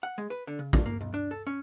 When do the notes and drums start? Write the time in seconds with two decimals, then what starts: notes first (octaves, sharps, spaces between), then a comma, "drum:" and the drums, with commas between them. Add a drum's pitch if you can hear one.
0.03 F#5
0.18 G#3
0.30 B4
0.47 D3
0.59 C#3
0.73 G2, drum: kick
0.86 A#3
1.01 B1
1.14 D4
1.31 A4
1.47 C#4